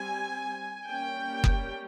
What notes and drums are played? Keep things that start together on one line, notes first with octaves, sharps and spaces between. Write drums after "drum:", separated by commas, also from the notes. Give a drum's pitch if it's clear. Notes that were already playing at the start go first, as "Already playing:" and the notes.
Already playing: G3 C4 G#5
G3 A#3 C#4 G5
drum: kick F#1